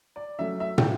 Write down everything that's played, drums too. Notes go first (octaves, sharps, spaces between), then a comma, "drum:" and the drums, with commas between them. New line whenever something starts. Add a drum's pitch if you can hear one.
D5
F#3 A3 C#4 E5
E5
G5, drum: tom